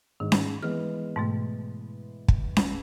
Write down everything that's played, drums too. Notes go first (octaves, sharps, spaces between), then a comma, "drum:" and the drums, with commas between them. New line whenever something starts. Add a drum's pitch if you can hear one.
G#2 D#3
drum: snare C#4
E3 G#3 B3 F6
G#2 B2 A3
drum: kick
drum: snare C#4